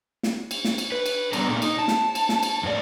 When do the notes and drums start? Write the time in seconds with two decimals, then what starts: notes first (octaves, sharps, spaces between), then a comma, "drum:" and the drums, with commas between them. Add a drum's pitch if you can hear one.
0.23 drum: snare
0.51 drum: cymbal
0.65 drum: snare
0.78 drum: cymbal
0.92 B4
1.06 drum: cymbal
1.33 G3 B3 D4 A#4 B4 A#5, drum: cymbal
1.49 A#2 A3 A#3
1.62 D#4, drum: cymbal
1.79 A5
1.88 drum: snare
2.15 drum: cymbal
2.29 drum: snare
2.43 drum: cymbal
2.63 F2 A2 F#4 D5